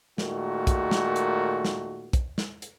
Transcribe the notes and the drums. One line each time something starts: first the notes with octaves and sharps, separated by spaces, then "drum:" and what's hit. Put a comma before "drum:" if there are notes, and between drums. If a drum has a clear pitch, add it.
A#2 D#3 G#3 A3 F#4, drum: snare
drum: kick, hi-hat
drum: snare
drum: hi-hat
drum: snare
drum: kick, hi-hat
drum: snare
drum: hi-hat